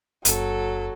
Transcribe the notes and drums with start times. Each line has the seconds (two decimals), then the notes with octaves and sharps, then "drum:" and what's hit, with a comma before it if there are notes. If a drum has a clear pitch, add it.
0.25 F#1 F#2 F#3 A4, drum: hi-hat